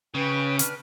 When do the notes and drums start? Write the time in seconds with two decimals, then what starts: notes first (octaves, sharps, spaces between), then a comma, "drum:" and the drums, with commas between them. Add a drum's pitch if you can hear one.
0.14 C#3 C#4 B4 G5
0.59 D4 B4 F6, drum: hi-hat